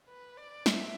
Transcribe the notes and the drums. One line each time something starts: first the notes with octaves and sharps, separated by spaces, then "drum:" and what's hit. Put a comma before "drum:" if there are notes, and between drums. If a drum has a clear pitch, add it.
B4
D5
E5, drum: snare